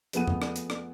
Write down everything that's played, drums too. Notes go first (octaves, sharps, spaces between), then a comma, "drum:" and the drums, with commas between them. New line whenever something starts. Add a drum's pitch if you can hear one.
F2 A3 B3 G#4 F#5 D#7, drum: hi-hat
drum: tom E2
drum: rim click
drum: hi-hat
drum: rim click